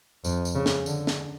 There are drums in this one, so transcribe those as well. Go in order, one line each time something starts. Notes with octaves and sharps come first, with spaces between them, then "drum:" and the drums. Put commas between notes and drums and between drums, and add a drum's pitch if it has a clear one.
F2, drum: tambourine
drum: tambourine
C#3
drum: snare
D3, drum: tambourine
drum: snare